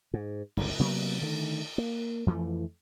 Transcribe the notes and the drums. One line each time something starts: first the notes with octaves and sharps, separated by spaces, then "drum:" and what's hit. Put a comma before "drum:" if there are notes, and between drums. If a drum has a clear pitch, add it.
G#2
G1 C#2 G2 C3, drum: cymbal
C3 F#3 A#3 B3
D3 D#3 A3
A#3
F2 E3 F3 A3